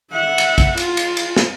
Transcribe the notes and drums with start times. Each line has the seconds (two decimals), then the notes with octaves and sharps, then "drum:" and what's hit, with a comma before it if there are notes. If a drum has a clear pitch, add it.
0.12 E5 F#5
0.38 drum: cymbal
0.58 drum: kick A#1, cymbal
0.77 F4, drum: cymbal
0.97 drum: cymbal
1.17 drum: cymbal
1.36 drum: snare